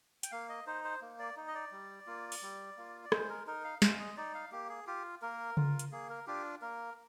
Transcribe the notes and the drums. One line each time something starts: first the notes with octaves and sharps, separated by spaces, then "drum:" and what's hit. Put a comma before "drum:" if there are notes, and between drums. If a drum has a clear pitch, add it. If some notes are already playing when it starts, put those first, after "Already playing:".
G5, drum: hi-hat
A#3 F5
D#5
D#4 C5
C5
A#3
D5
D#4
D#5
D5
G3
A#3 F4
drum: open hi-hat
G3
A#3 F4
D5
G#3 C5, drum: rim click
A#4
D#4 A#4
F5
G#3 F5, drum: snare
D#5
D#4 D5
F5
A#3 G4
G#4
F4 G4
A#3 A#4
F4, drum: tom C#3
drum: hi-hat
A#3 G#4
A#4
D4 F4 G4
A#3 A#4